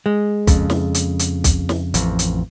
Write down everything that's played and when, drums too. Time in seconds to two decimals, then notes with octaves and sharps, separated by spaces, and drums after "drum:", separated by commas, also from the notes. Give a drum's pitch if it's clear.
0.06 G#3
0.47 F2 C#3, drum: kick, hi-hat
0.70 drum: snare
0.94 drum: hi-hat
1.19 drum: hi-hat
1.44 drum: kick, hi-hat
1.69 drum: snare
1.94 A1 F2, drum: hi-hat
2.19 drum: hi-hat